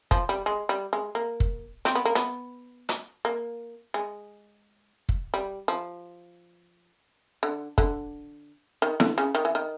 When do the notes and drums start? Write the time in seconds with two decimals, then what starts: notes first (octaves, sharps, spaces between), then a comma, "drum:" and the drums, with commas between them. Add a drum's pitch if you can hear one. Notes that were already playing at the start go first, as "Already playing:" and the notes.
0.11 F3, drum: kick
0.29 G3
0.46 G#3
0.69 G3
0.93 G#3
1.15 A#3
1.40 drum: kick
1.85 C4, drum: hi-hat
1.95 B3
2.05 A#3
2.15 B3, drum: hi-hat
2.89 drum: hi-hat
3.25 A#3
3.94 G#3
5.09 drum: kick
5.34 G3
5.68 F3
7.43 D3
7.78 D3, drum: kick
8.82 D#3
9.00 D3, drum: snare E4
9.18 C#3
9.35 D#3
9.45 E3
9.55 D#3